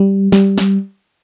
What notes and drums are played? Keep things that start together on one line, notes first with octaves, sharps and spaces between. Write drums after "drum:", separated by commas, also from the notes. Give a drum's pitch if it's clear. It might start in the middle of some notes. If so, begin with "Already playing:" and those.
Already playing: G3
G3, drum: snare
drum: snare